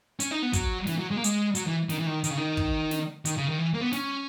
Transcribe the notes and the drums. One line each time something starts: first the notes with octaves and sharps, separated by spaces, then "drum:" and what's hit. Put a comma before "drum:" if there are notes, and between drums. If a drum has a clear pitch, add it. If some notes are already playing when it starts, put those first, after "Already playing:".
C#4, drum: hi-hat
D#4
B3
F#3, drum: kick, hi-hat
E3, drum: snare
F#3
G#3
A#3
G#3, drum: hi-hat
F#3, drum: hi-hat
E3
D#3, drum: snare
E3
D#3
D#3, drum: hi-hat
C#3
D#3
drum: kick
drum: snare
D#3, drum: hi-hat
C#3
D#3
E3
A#3
B3
C#4, drum: snare